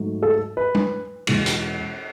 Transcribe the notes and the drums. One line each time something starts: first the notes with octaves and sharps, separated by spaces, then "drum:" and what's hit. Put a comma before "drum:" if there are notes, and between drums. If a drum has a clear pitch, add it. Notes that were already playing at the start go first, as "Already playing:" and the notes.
Already playing: G#2 F#3 A3
A4
B4
drum: tom
E2 B2 G#3, drum: cymbal
drum: hi-hat